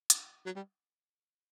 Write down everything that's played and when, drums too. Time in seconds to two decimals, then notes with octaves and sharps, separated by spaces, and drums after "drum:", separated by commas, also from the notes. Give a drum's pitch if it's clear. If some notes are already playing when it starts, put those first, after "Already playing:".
0.10 drum: hi-hat
0.45 F#3
0.56 G3